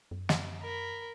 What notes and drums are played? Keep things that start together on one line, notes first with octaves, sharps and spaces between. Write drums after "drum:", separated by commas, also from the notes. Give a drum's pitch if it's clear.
F#2
drum: snare
A#4 B5